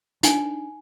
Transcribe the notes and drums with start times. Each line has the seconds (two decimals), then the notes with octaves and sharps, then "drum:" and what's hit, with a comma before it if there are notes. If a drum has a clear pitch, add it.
0.23 D4 D#4 G#5, drum: hi-hat